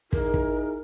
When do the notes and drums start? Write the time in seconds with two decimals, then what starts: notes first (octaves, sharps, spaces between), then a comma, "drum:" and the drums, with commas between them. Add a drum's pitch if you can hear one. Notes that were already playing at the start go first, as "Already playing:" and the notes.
0.13 D#4 E4 G#4 A#4, drum: kick
0.34 drum: kick